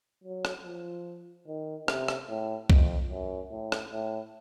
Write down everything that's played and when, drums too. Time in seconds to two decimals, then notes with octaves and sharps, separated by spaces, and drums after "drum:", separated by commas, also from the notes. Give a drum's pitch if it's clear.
0.24 F#3
0.45 drum: rim click
0.65 F3
1.47 D#3
1.88 C3, drum: rim click
2.08 drum: rim click
2.29 A2
2.70 F2, drum: kick C2
3.11 F#2
3.51 A2
3.72 drum: rim click
3.92 A2